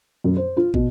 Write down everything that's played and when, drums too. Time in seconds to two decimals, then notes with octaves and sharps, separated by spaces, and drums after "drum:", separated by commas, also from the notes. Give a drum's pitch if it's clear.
0.24 F#2
0.36 C5
0.57 F4
0.74 B2, drum: kick